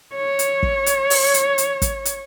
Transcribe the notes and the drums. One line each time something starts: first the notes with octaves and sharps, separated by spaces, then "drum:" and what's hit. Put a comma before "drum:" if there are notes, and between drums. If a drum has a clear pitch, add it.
C#5
drum: hi-hat
drum: kick
drum: hi-hat
drum: open hi-hat
drum: hi-hat
drum: hi-hat
drum: kick, hi-hat
drum: hi-hat